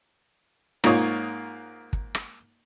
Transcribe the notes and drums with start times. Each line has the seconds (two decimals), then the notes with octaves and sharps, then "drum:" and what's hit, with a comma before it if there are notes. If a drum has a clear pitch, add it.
0.84 G#2 A#3 F4 C#5 D#6, drum: rim click
1.93 drum: kick
2.15 drum: rim click